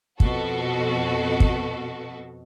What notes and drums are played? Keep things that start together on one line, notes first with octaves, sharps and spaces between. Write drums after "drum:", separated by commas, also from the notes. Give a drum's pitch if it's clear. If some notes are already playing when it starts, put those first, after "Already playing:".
F2 B2 F#4 A4, drum: kick
drum: kick